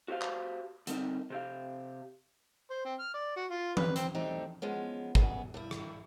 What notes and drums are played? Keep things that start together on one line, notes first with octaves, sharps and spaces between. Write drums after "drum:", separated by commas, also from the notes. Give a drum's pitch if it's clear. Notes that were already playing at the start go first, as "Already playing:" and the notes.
F#4 G4 C5 F5
drum: clap
D3 G3 C4 D#4 A#4, drum: hi-hat
C3 G4 F5
C5
C4
F6
D5
F#4
F4
B4, drum: tom E3
C4, drum: hi-hat
G2 A3 C4 D4 D#4 G4
F3 G#3 B3 C#4
F#2 C#3 B3 G#4, drum: kick
G2 G3 E4
drum: rim click